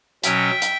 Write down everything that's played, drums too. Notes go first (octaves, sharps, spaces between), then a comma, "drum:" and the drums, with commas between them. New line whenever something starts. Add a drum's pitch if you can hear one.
B2 F#3 C#4 E5 G5, drum: hi-hat
drum: hi-hat